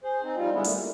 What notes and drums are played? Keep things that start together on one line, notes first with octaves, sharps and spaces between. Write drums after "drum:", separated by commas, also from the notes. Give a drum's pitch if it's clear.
G#4 C5
C4 D#4
F3 G3 D#4 F4
D3 G3 G#3 B3 E4
D#3 A3, drum: hi-hat
A#3